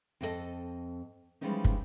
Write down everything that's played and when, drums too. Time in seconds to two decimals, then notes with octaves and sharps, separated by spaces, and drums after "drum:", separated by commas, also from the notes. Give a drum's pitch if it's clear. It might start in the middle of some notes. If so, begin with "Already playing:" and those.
0.21 F2 C4 D#4 F#4 A4 D#5
1.41 E3 F3 G3 G#3 C#4 D#4
1.65 drum: kick